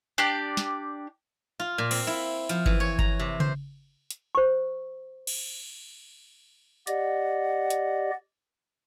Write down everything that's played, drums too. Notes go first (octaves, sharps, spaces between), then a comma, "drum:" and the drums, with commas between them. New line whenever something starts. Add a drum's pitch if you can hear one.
D4 G4 D5
drum: snare
F4
A#2
C4, drum: cymbal
E4
F3, drum: hi-hat
E3, drum: kick G1
C#5
A#5, drum: kick G1
C3
C5, drum: tom C#3
drum: hi-hat
C5 C#6
drum: cymbal
G4 D5 D#5 F#5, drum: hi-hat
drum: hi-hat